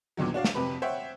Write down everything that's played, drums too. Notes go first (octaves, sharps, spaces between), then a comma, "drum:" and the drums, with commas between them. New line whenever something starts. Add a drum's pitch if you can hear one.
E2 A#2 D3 D#3 F#3
D4 F#4 D5 F5
drum: snare
F2 C3 C4 B4 B5
C5 C#5 E5 F#5 G5